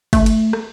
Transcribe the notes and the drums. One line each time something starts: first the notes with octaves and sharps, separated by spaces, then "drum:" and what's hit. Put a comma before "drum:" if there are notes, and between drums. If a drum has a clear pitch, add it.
A3, drum: kick, cymbal
drum: cymbal
drum: rim click